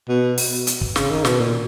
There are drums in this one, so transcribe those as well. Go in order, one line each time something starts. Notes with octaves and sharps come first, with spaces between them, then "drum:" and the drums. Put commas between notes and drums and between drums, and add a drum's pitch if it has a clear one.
B2
drum: open hi-hat
drum: hi-hat
drum: kick
C#3, drum: snare
D#3
B2, drum: snare
A#2